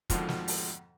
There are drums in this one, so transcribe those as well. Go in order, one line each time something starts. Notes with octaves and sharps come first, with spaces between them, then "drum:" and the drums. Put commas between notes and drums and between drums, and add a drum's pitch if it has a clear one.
F2 G#2 B2 D3 D#3 F3, drum: kick, hi-hat
drum: snare
drum: open hi-hat